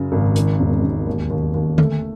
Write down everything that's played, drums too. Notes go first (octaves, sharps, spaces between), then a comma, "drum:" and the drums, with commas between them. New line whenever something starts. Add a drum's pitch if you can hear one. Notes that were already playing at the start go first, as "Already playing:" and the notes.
Already playing: F#2 C#3
G#1
D#3, drum: hi-hat
E1
E1
D#2
D#2
D#2
A3, drum: tom D3